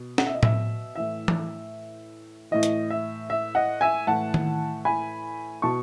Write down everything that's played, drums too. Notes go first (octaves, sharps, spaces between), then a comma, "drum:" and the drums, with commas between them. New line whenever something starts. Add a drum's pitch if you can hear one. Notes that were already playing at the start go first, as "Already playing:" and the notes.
Already playing: B2
F#5, drum: snare
E5
D#5
E5, drum: tom A2
A2 E3 E5
drum: tom E3
A2 E3 D#5
drum: hi-hat
E5
E5
D#5 F#5
E5 G#5
A2 E3 F#5 A5
drum: tom D#3
G#5 B5
B2 A5 C#6